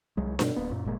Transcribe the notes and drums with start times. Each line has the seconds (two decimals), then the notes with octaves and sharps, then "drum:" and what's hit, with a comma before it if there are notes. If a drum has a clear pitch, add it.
0.17 C2 F#3 G#3
0.39 G2 B2, drum: snare D4
0.56 D1 A#3 B3
0.71 F#2 A#2
0.85 G1 A#2 G#3 A#3